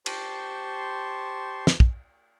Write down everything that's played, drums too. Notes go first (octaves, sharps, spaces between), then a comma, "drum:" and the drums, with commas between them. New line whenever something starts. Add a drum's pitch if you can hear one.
G4 C5 A5 C6 C#6, drum: cymbal
drum: snare
drum: kick